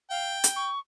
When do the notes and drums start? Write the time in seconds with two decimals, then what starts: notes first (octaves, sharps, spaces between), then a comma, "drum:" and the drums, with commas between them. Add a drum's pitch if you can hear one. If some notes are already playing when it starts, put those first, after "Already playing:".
0.10 F5 G5
0.44 drum: hi-hat
0.56 C#6